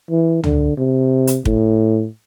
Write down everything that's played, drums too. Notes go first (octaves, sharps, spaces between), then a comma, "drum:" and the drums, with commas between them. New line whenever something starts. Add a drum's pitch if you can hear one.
E3
D3, drum: tom
C3
drum: hi-hat
A2, drum: kick